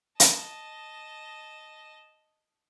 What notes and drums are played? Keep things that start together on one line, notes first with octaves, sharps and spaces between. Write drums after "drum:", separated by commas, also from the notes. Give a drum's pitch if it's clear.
D#5 A5, drum: hi-hat